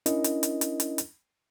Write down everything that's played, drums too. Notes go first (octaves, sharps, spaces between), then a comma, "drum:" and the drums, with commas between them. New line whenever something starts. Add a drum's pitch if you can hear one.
C#4 D4 E4 A#4 D#5, drum: hi-hat
drum: hi-hat
drum: hi-hat
drum: hi-hat
drum: hi-hat
drum: hi-hat